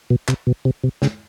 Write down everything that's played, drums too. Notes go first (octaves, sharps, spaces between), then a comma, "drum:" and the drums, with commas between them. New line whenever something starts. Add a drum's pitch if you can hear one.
B2
C3, drum: clap
B2
C3
C3
C#3, drum: snare